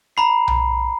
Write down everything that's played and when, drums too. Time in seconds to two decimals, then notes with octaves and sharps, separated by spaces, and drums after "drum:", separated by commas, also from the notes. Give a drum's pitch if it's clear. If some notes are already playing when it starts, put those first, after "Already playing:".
0.17 A#5 B5 C7
0.48 drum: tom B1